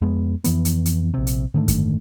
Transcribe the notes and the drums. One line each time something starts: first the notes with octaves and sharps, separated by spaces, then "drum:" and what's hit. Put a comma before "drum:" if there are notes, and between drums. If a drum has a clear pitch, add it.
F2 G#3 B3
F2 E3 B3, drum: hi-hat
drum: hi-hat
drum: hi-hat
A#1 C3
drum: hi-hat
G#2 D3 D#3 A3
drum: kick F#2, hi-hat